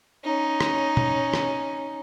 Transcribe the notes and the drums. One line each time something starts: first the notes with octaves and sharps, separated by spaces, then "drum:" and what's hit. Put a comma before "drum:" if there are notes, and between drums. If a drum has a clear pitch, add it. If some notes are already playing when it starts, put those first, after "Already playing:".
C#4 D#4
drum: rim click
drum: tom B2
drum: rim click